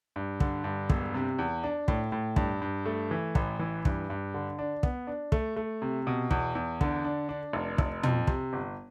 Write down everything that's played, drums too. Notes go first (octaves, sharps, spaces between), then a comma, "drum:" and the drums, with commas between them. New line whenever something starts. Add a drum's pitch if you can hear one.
G2
D3, drum: kick
G2
E1, drum: kick
C3
E2
D4
A2, drum: kick
A2
G2, drum: kick
G2
A3
E3
A1, drum: kick
E3
G2, drum: kick
G2
D3
D4
B3, drum: kick
D4
A3, drum: kick
A3
C3
B2
E2, drum: kick
E2
D3, drum: kick
D4
D4
F1
F1, drum: kick
F2, drum: tom
C3, drum: kick
G1